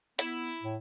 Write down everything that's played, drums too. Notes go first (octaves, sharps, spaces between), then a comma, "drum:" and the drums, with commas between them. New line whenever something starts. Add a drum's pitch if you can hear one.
B3 E4, drum: hi-hat
A2